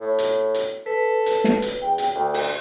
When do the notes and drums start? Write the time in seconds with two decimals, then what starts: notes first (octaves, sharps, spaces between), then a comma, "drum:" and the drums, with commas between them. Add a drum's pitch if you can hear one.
0.01 A2
0.19 drum: hi-hat
0.54 drum: hi-hat
0.86 A4 B4
1.26 drum: hi-hat
1.44 drum: snare
1.62 drum: hi-hat
1.82 E2 G5
1.98 drum: hi-hat
2.15 D2
2.34 drum: open hi-hat